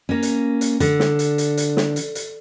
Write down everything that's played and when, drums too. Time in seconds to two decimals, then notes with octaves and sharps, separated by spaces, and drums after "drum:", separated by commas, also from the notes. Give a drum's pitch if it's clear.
0.09 A#3 C#4
0.22 drum: hi-hat
0.61 drum: hi-hat
0.80 D3, drum: hi-hat
1.00 drum: snare
1.19 drum: hi-hat
1.38 drum: hi-hat
1.57 drum: hi-hat
1.77 drum: snare
1.96 drum: hi-hat
2.15 drum: hi-hat